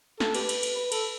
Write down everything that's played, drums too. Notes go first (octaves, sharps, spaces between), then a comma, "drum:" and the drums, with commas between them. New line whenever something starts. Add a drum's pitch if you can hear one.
A4, drum: snare
G4 B4, drum: cymbal
drum: cymbal
drum: cymbal
B4
A4, drum: cymbal